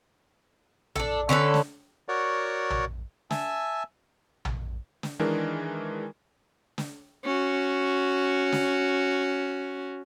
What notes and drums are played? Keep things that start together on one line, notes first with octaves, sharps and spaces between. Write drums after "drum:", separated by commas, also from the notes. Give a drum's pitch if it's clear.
D4 A4, drum: tom A#1
D3 C#4 A4 B4
drum: snare
F#4 A#4 C#5 D5 F#5
drum: tom A#1
E5 G#5 A5 E6, drum: snare
drum: tom A#1
drum: snare
D#3 E3 G#3 D4 A#4
drum: snare
C#4 F#4
drum: snare